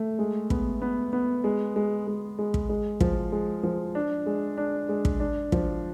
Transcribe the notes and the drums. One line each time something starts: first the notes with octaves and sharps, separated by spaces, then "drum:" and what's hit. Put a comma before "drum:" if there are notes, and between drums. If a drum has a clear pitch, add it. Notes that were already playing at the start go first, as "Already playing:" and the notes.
Already playing: A3
G#3
B3, drum: kick
B3
B3
G#3
G#3
G#3
G#3
drum: kick
G#3
F3, drum: kick
G#3
F3
D4
G#3
D4
G#3
drum: kick
D4
F3, drum: kick